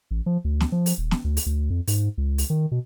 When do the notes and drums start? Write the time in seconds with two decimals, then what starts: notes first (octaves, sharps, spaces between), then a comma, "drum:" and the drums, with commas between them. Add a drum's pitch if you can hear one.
0.11 A1
0.26 F3
0.45 D2
0.60 drum: snare
0.72 F3
0.86 drum: open hi-hat
0.98 D#1
1.11 drum: snare
1.24 D2
1.37 drum: open hi-hat
1.46 D2
1.70 F2
1.87 G#2, drum: open hi-hat
2.18 C#2
2.38 drum: open hi-hat
2.50 D#3
2.72 B2